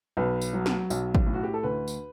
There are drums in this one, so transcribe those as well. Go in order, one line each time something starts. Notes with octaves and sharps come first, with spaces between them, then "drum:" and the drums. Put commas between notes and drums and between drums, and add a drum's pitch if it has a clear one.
B1 B4
drum: tambourine
F#3
drum: snare
B1, drum: tambourine
drum: kick G#1
A2
F#4
G4
A4
D2 B4
drum: tambourine